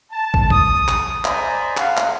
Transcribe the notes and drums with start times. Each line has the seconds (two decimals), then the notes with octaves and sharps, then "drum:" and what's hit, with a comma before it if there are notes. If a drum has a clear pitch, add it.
0.11 A5
0.34 drum: kick
0.50 D#6, drum: kick
0.88 drum: clap
1.25 C5 D5 D#5 G#5 A#5 B5, drum: clap
1.77 F5 F#5, drum: clap
1.97 drum: clap